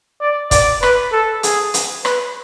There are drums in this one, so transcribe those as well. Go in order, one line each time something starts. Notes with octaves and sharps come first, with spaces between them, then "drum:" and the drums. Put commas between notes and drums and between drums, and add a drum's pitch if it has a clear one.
D5
D5, drum: kick, hi-hat
B4, drum: rim click
A4
G#4, drum: hi-hat
drum: hi-hat
B4, drum: rim click